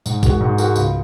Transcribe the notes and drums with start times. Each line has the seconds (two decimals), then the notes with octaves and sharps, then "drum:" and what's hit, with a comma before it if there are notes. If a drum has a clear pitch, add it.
0.06 G#2, drum: tambourine
0.23 G#3 F#4 A#4, drum: kick, tambourine
0.41 G#2
0.58 G#3 F#4 A#4, drum: tambourine
0.76 C#2, drum: tambourine